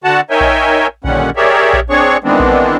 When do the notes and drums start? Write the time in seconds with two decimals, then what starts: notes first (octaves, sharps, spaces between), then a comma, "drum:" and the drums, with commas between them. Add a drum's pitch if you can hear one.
0.04 D3 F#4 F#5 A5
0.30 D#4 A#4 C#5 E5 G5 G#5
0.41 drum: kick A#1
1.04 A#2 D3 D#3 G3 C#4 F#5, drum: kick A#1
1.36 G4 G#4 A#4 C#5 D5 E5
1.73 drum: kick A#1
1.90 C4 D4 G#4 C#5 C#6
2.24 D#3 E3 G#3 B3 C4 D4
2.40 drum: kick A#1